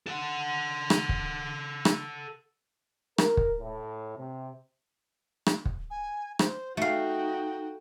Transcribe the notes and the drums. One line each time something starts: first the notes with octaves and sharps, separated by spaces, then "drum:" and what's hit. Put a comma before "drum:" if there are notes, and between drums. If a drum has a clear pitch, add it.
A4 F#5
drum: rim click
drum: kick
drum: rim click
A#4, drum: rim click
drum: kick
A2
C3
drum: rim click
drum: kick
G#5
C5, drum: rim click
A3 D#4 F#4 F5 G5